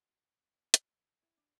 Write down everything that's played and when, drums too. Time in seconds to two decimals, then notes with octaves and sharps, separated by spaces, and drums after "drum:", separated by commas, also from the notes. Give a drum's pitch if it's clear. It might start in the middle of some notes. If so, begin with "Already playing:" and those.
Already playing: F#4
0.74 drum: hi-hat
1.23 E4
1.37 D4